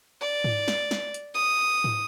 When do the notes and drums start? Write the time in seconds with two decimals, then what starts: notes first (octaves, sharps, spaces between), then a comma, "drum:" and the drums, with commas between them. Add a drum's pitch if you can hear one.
0.21 D5
0.44 drum: tom G#2
0.68 drum: snare
0.91 drum: snare
1.14 drum: hi-hat
1.34 D#6
1.84 drum: tom G#2